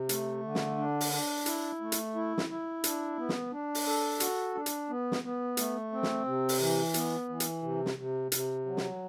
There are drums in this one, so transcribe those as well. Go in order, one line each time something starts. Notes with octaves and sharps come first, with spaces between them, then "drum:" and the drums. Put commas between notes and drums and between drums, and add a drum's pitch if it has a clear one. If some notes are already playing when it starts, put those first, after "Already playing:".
Already playing: C3
A3, drum: hi-hat
D3
drum: snare
D4
drum: open hi-hat
D4
E4, drum: hi-hat
A3
drum: hi-hat
E4
drum: snare
E4
D4, drum: hi-hat
B3
drum: snare
D4
drum: open hi-hat
A4
F#4, drum: hi-hat
D4
drum: hi-hat
B3
drum: snare
B3
A3, drum: hi-hat
C4
drum: snare
C3
drum: open hi-hat
E3
B3, drum: hi-hat
E3
drum: hi-hat
C3
drum: snare
C3
C3, drum: hi-hat
F#3
drum: snare